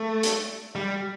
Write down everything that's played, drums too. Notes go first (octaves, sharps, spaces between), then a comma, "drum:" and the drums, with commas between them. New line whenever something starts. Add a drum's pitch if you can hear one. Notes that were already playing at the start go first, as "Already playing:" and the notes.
Already playing: A3
drum: hi-hat
G3